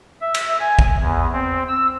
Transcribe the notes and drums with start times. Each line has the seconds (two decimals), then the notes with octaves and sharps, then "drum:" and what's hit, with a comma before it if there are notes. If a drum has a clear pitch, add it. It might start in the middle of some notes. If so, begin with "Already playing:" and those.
0.21 E5
0.35 drum: cymbal
0.60 G#5
0.79 drum: kick
1.00 E2
1.33 C4
1.69 E6